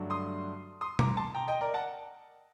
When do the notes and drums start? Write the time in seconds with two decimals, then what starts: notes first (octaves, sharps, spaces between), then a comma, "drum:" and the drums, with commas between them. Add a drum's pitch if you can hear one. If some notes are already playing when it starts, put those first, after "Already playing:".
Already playing: G2 D3 F#3 A3 D4
0.10 C6 D#6
0.81 C6 D#6
0.99 A#5 D6, drum: tom
1.17 A5 C6
1.34 G5 A#5
1.48 D#5 G5
1.61 A#4 D5
1.74 F#5 A5